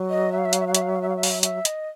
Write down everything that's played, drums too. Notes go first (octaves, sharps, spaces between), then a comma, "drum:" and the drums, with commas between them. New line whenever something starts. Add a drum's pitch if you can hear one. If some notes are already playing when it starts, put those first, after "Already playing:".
Already playing: F#3
D#5
E5
F5
E5
F5, drum: hi-hat
E5
F5
E5, drum: hi-hat
F5
E5
F5
E5
F5
E5
F5, drum: open hi-hat
E5
E5, drum: hi-hat
D#5, drum: hi-hat